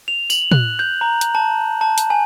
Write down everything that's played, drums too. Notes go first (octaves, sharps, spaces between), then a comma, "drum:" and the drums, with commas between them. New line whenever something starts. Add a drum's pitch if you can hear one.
F7
F#7, drum: tambourine
F#6, drum: tom
G6
A#5
drum: hi-hat
A5
A5
drum: hi-hat
G#5